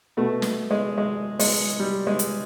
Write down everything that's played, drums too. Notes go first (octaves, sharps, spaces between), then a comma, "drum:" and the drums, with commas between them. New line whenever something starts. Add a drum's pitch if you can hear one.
B2 A3
drum: snare
G#3
G#3
G#3, drum: open hi-hat
G3
G#3
drum: hi-hat